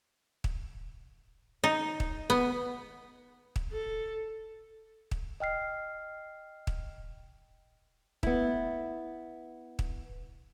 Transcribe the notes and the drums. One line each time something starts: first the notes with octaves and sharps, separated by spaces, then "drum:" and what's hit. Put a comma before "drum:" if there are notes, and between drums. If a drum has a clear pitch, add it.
drum: kick
D#4
drum: kick
B3
drum: kick
A4
drum: kick
D#5 G5 F6 C7
drum: kick
B3 E4, drum: kick
drum: kick